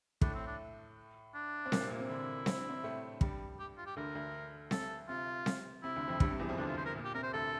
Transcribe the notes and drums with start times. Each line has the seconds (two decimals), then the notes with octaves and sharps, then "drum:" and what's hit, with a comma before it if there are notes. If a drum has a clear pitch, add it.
0.21 A2 A3 D4, drum: kick
0.34 C4
0.47 D4
1.34 D4
1.66 C4
1.72 A#2 A#3, drum: snare C4
1.81 C3 C4
1.90 A#2 A#3
1.99 C3 C4
2.09 D3 D4 E4
2.46 C4, drum: snare C4
2.58 D4
2.69 C3 C4
2.83 A2 A3
3.21 G2 G3, drum: kick
3.59 G4
3.78 F4
3.86 G4
3.96 D2 D3 A#4
4.15 D2 D3
4.71 A4, drum: snare C4
5.08 C3 F4
5.46 drum: snare C4
5.83 C3 E4
5.96 D2 D3
6.08 F2 F3
6.20 G2 G3, drum: kick
6.31 C3
6.39 E2 E3
6.48 F2 F3
6.58 D2 D3 D4
6.67 F4
6.77 C5
6.86 A#4
6.96 A#2
7.05 G4
7.14 C3 A#4
7.23 C5
7.33 D2 D3 A4